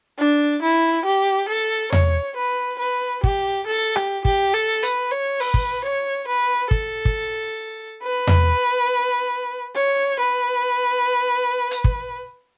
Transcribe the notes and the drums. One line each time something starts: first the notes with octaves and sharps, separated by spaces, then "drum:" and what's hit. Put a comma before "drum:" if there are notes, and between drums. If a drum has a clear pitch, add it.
D4
E4
G4
A4
C#5, drum: tom E2
B4
B4
G4, drum: kick
A4
G4, drum: rim click
G4, drum: kick
A4
B4, drum: hi-hat
C#5
B4, drum: open hi-hat
drum: kick
C#5
B4
A4, drum: kick
drum: kick
B4
drum: tom E2
C#5
B4
drum: hi-hat
drum: kick